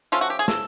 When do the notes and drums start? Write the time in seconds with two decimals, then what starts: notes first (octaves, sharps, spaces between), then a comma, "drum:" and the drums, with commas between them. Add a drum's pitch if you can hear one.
0.12 F3 A3 C#4 F4
0.21 F#4
0.30 G4
0.39 G#4
0.48 A4, drum: snare